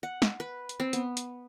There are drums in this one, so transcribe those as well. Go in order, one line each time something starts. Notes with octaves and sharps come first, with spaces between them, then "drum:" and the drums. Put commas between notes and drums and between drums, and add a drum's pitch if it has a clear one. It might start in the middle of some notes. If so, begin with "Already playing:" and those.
F#5
drum: snare
B4
drum: hi-hat
C4
B3, drum: hi-hat
drum: hi-hat